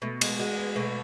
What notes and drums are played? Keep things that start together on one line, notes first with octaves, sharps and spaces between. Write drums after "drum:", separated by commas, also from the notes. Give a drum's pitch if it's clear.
B2 A3
G#3, drum: cymbal
G#3 F#4
B3
B2 A3